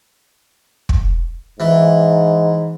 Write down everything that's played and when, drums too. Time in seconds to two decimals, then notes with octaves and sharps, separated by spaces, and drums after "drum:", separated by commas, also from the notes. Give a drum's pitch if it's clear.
0.89 drum: kick
1.60 G#2 E3